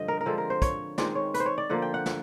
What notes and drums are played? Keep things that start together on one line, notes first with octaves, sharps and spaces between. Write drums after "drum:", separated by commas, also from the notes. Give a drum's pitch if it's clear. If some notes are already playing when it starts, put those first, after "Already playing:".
Already playing: G2 D3 F3 D#5
A#4
A#4
D3 F3 G#3 C4 A4
A#4
C5
C#5, drum: kick, hi-hat
D#3 G#3 C4 D5, drum: snare
C#5
B4, drum: hi-hat
C5
C#5
D5
D3 F3 A#3 F#5
G5
F#5
drum: snare